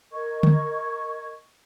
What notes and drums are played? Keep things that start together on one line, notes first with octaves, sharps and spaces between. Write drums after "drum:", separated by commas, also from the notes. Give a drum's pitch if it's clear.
A#4 D#5 C#6 G#6
drum: tom